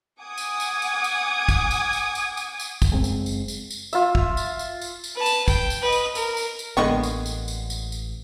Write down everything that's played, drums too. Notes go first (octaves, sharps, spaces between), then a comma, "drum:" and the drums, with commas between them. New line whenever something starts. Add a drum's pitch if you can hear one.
F#5 G#5 D6 D#6 G#6
drum: tambourine
drum: tambourine
drum: tambourine
drum: tambourine
drum: kick, tambourine
drum: tambourine
drum: tambourine
drum: tambourine
drum: tambourine
drum: tambourine
drum: kick, tambourine
F#1 G#3 C4
drum: tambourine
drum: tambourine
drum: tambourine
drum: tambourine
F4 E5, drum: tambourine
drum: kick
drum: tambourine
drum: tambourine
drum: tambourine
drum: tambourine
B4 A5
drum: tambourine
G5, drum: kick, tambourine
drum: tambourine
B4 D#5
drum: tambourine
A#4, drum: tambourine
drum: tambourine
drum: tambourine
A1 D3 G#3 A#3 B3 D#5 G5 C#6
drum: tambourine
drum: tambourine
drum: tambourine
drum: tambourine
drum: tambourine